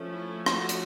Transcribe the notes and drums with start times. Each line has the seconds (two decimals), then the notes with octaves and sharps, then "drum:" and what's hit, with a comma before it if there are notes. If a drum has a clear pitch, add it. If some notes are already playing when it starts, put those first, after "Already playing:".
Already playing: F3 A3 C#4
0.12 E4
0.46 F#4, drum: rim click
0.69 drum: hi-hat